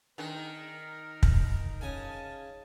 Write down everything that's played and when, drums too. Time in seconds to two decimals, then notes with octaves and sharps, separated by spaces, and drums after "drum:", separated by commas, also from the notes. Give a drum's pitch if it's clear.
0.18 D#3 C4 D4 G#4 A#4
1.23 drum: kick
1.81 C#3 G#5 A5